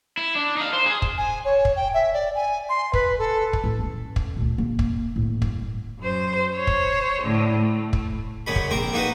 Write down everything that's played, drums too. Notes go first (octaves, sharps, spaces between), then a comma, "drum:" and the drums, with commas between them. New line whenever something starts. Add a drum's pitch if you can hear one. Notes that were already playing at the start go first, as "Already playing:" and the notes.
E4
D4
D#4 F5
C5
G#4
drum: kick
G#5
C#5
drum: kick
G5
E5
D5
G#5
C6
B4, drum: kick
A4
drum: kick
A2
B3 C#4
drum: kick
D2 A#2
A#3
drum: kick
A2 D3
G2, drum: kick
F#2 C5
C5 C#5
drum: kick
A2 D3
A3
drum: kick
F#2 C#3 G#3 B5
drum: kick
A#1 C4 A#4 D6
A#3 D#4 F#4 B4